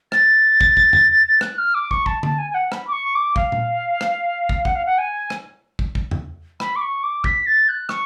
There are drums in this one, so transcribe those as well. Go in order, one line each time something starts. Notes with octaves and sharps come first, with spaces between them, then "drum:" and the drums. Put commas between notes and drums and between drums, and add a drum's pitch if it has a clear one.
A6, drum: rim click
drum: kick
drum: kick
drum: tom E2
F#6, drum: rim click
F6
D6
C#6, drum: kick
A5, drum: kick
A5, drum: tom
G#5
G#5
F#5
B5, drum: rim click
D6
C#6
D6
F5, drum: kick
drum: tom A#2
drum: rim click
drum: kick
F#5, drum: kick
F5
F#5
G#5
drum: rim click
drum: kick
drum: kick
drum: tom E2
B5, drum: rim click
D6
C#6
D6
B6, drum: kick
A6
F#6
C#6, drum: rim click